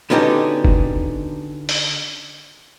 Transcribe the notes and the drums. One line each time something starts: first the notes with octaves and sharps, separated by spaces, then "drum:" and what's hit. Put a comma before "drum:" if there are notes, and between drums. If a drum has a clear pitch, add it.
D3 B3 C#4 D#4 F#4 G4
drum: kick
drum: open hi-hat